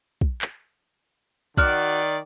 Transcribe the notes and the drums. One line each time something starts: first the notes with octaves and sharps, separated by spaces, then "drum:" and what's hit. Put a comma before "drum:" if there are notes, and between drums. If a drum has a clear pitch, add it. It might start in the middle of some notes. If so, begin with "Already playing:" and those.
drum: kick
drum: clap
D#3 F#4 D5 F6, drum: kick